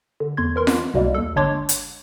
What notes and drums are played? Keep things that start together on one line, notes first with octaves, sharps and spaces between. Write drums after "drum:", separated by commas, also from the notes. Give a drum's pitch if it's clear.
D3
E2 C6 G#6
E3 A#4 C6
drum: snare F4
C2 B2 G3 G#3 A#3
D#2 A4
G1 G#3 D4 C#5 C6 D6
drum: hi-hat